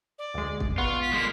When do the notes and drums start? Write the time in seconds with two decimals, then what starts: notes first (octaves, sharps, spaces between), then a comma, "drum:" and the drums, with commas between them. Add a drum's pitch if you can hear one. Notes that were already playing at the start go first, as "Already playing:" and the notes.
0.19 D5
0.34 D2 G#3
0.60 drum: kick
0.78 B3 F4 C#6
1.02 B6
1.13 G#3 A#3